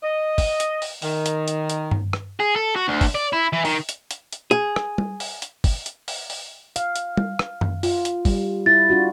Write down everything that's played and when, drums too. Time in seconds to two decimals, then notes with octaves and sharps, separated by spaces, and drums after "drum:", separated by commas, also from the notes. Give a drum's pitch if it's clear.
0.03 D#5
0.38 drum: kick, open hi-hat
0.60 drum: hi-hat
0.82 drum: open hi-hat
1.02 D#3, drum: open hi-hat
1.26 drum: hi-hat
1.48 drum: hi-hat
1.70 drum: hi-hat
1.91 drum: tom G2
2.13 drum: rim click
2.40 G#4
2.56 A4
2.76 F#4
2.88 D2
3.01 drum: kick, open hi-hat
3.15 D5
3.33 E4
3.53 E3
3.65 D#3, drum: open hi-hat
3.89 drum: hi-hat
4.11 drum: hi-hat
4.33 drum: hi-hat
4.51 G#4
4.76 drum: rim click
4.98 drum: tom
5.20 drum: open hi-hat
5.42 drum: hi-hat
5.64 drum: kick, open hi-hat
5.86 drum: hi-hat
6.08 drum: open hi-hat
6.30 drum: open hi-hat
6.76 F5, drum: hi-hat
6.96 drum: hi-hat
7.17 drum: tom
7.39 drum: rim click
7.61 drum: tom F#2
7.83 F4, drum: open hi-hat
8.05 drum: hi-hat
8.25 G3, drum: kick, open hi-hat
8.66 E4 A6
8.89 D4 F4 F#4